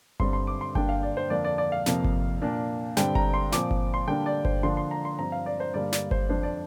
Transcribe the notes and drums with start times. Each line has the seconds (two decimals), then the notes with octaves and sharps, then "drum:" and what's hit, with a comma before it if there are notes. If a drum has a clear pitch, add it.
0.20 G2 D3 G3 C4 C6, drum: kick G1
0.33 C6
0.47 D6
0.61 C6
0.75 G2 D3 A#3 D4 G5, drum: kick G1
0.89 F5
1.03 D5
1.17 C5
1.30 F2 D3 A#3 D4 D5
1.45 D5
1.58 D5
1.72 F5
1.86 F2 C3 F3 A#3, drum: snare
2.04 drum: kick G1
2.42 A#2 A#3 D4
2.97 G2 D3 G3 C4 G5, drum: snare
3.15 A#5, drum: kick G1
3.34 C6
3.52 A#2 F3 C4 D6, drum: snare
3.71 drum: kick G1
3.94 C6
4.07 D3 G3 A#3 D4 G5
4.26 D5
4.45 C5, drum: kick G1
4.63 D3 F3 A#3 D4 C6
4.77 C6
4.91 A#5
5.05 C6
5.19 G2 F3 C4 A#5
5.32 F5
5.46 D5
5.60 C5
5.74 G2 D3 G3 A#3 D5
5.92 D5, drum: snare
6.11 C5, drum: kick G1
6.29 F2 F3 D4 C5
6.43 D5